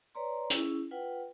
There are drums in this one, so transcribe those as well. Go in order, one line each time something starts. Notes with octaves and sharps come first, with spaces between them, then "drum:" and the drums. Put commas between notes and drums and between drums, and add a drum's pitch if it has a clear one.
B4 C#5 D5 A#5 C6
C#4 E4 G#4, drum: hi-hat
F4 B4 F#5 G5